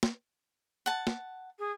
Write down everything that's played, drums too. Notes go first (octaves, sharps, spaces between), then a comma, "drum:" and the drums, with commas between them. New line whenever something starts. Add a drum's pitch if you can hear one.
drum: snare
F#5 A5
drum: snare
G#4